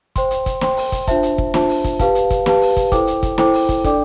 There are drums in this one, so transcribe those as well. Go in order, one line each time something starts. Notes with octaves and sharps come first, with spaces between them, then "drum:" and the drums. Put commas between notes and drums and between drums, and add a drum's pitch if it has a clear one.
C5 G5 C6, drum: kick, hi-hat
drum: hi-hat
drum: kick, hi-hat
C5 G5 C6, drum: snare
drum: open hi-hat
drum: kick, hi-hat
D4 F4 C5 E5 A5, drum: kick, hi-hat
drum: hi-hat
drum: kick
D4 F4 C5 E5 A5, drum: snare
drum: open hi-hat
drum: kick, hi-hat
G4 B4 F5 A5, drum: kick, hi-hat
drum: hi-hat
drum: kick, hi-hat
G4 B4 F5 A5, drum: snare
drum: open hi-hat
drum: kick, hi-hat
E4 A4 C5 G5 D6, drum: kick, hi-hat
drum: hi-hat
drum: kick, hi-hat
E4 A4 C5 G5 D6, drum: snare
drum: open hi-hat
drum: kick, hi-hat
D4 A4 D5 G5 D6, drum: kick, hi-hat